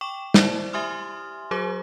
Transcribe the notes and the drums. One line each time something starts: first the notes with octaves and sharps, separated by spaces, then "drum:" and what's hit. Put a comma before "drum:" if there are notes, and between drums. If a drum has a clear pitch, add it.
G5 C#6 D6 E7
E4 C5 D5 E5 A5, drum: snare
G4 E5 G#5 C6 D#6 F6
F#3 F#4 G#4 C5 D6